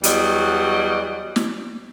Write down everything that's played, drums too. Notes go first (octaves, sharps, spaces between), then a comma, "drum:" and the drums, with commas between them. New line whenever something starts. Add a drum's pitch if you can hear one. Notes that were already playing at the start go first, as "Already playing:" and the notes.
E2 F#3 G3 D#5, drum: hi-hat
drum: snare